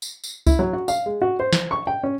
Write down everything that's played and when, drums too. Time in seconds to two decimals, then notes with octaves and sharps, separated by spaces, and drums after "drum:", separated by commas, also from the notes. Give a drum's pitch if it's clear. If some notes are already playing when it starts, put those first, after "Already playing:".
0.02 drum: tambourine
0.24 drum: tambourine
0.47 E4, drum: kick C#2, tambourine
0.59 F#3
0.73 F#4
0.88 F5, drum: tambourine
1.06 G#3
1.22 F#4
1.40 C5
1.53 drum: snare
1.71 C#6
1.87 G5
2.03 C#4